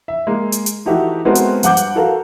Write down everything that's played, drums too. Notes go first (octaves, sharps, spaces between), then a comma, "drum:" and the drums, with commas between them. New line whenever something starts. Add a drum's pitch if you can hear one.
E5
G#3 A#3
drum: hi-hat
drum: hi-hat
E3 A3 D#4 F#4 G4 E5
G#3 A3 B3 C4 F#4 A#4
drum: hi-hat
G2 F#5 D6 G6, drum: hi-hat
drum: hi-hat
F#4 A4 A#4 F5